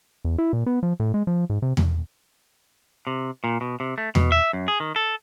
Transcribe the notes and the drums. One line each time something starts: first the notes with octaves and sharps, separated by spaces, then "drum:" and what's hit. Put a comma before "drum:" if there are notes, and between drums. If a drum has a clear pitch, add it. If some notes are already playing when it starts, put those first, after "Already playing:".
E2
E4
A#2
B3
F3
A2
G#3
F3
G#2
C3
drum: tom E2
C3
A#2
B2
C3
A3
B2, drum: tom E2
E5
F#2
G#4
D#3
A4